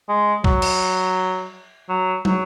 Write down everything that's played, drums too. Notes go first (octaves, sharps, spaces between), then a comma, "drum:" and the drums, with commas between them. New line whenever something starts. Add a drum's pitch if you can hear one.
G#3
F#3, drum: kick
drum: cymbal
F#3
F#3, drum: tom